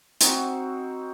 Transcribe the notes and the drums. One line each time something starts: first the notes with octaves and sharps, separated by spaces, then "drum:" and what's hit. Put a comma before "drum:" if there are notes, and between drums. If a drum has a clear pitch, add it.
C4 D#4 F#4, drum: hi-hat